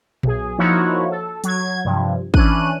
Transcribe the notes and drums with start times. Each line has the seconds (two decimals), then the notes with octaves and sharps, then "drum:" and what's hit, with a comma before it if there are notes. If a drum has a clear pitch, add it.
0.23 B1 G#4, drum: tom A#2
0.58 F3 A#3 D#4 E4 F#4 C#5
1.11 A4
1.44 F#3 G#6, drum: hi-hat
1.85 G2 C3 F3
2.34 E3 C#4 D4 F#6 D#7, drum: kick